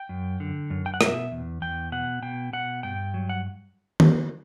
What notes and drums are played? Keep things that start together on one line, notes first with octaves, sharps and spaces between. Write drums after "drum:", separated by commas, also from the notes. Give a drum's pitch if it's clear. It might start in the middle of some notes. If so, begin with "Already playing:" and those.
Already playing: G5
F#2
D3
F#2
G5
F#5
B2 E5, drum: rim click
E2
E2 G5
B2 F#5
B2 G5
B2 F#5
G2 G5
F#3
F#5
drum: tom